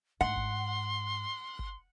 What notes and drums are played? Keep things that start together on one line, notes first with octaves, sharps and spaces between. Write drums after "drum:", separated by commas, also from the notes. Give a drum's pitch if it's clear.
G#2 F#5 C6
drum: kick G1
drum: kick G1